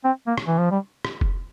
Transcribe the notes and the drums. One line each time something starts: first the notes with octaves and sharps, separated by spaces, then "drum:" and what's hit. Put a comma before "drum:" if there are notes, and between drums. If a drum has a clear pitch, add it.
C4
A#3
drum: rim click
E3
F3
G3
drum: rim click
drum: kick F1